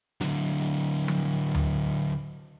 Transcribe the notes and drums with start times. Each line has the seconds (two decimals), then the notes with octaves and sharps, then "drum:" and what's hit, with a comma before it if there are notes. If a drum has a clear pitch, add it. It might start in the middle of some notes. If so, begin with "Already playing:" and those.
0.21 D3 F#3, drum: snare
1.08 drum: tom F3
1.55 drum: tom D2